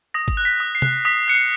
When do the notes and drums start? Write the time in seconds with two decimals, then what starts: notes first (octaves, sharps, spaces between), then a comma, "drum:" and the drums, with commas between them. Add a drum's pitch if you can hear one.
0.14 D#6 A#6
0.28 drum: kick
0.37 F#6
0.45 B6
0.60 D#6
0.75 C7
0.82 F#6, drum: tom C3
1.05 D#6 B6
1.28 F#6 C#7
1.35 C7